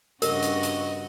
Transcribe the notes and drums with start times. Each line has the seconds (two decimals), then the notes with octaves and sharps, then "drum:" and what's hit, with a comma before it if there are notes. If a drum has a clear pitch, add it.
0.22 G2 C#3 F#4 A#4 D#5, drum: hi-hat
0.42 drum: hi-hat
0.63 drum: hi-hat